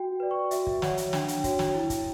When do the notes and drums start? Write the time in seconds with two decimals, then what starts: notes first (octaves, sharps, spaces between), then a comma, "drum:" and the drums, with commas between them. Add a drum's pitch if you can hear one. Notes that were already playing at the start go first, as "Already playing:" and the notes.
Already playing: F#4 G5
0.20 B4 D5
0.31 C#6
0.51 F#4 E5, drum: hi-hat
0.67 drum: kick
0.82 C#5 F#5, drum: snare
0.97 drum: hi-hat
1.13 D4 G5, drum: snare
1.28 drum: hi-hat
1.44 F#4 C#5, drum: kick, hi-hat
1.59 drum: snare
1.75 E4
1.90 drum: kick, hi-hat